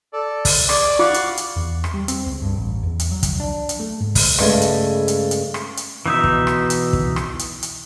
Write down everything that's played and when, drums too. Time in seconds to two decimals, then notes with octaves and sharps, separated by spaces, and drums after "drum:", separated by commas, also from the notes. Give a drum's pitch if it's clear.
0.13 A4 D5
0.45 drum: kick, open hi-hat
0.69 G#4 D5, drum: rim click
0.99 F4 F5 F#5 C#6 D6
1.14 drum: hi-hat
1.37 drum: hi-hat
1.56 E2
1.84 drum: rim click
1.94 G3
2.08 C4, drum: hi-hat
2.26 C#2
2.42 G2
2.57 A1
2.83 E2
3.00 drum: hi-hat
3.11 F#3
3.23 drum: kick, hi-hat
3.40 D4
3.69 drum: hi-hat
3.80 A3
4.00 G#2
4.15 drum: kick, open hi-hat
4.38 G2 C#3 G#3 A3, drum: rim click
4.62 drum: hi-hat
5.08 drum: hi-hat
5.31 drum: hi-hat
5.54 drum: rim click
5.77 drum: hi-hat
6.06 B2 E3 D#4 E5
6.24 drum: kick
6.47 drum: rim click
6.70 drum: hi-hat
6.93 drum: kick
7.16 drum: rim click
7.39 drum: hi-hat
7.63 drum: hi-hat